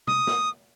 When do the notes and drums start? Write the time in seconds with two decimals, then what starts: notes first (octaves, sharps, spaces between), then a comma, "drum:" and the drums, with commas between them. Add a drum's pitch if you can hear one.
0.07 D#6, drum: tom
0.27 drum: snare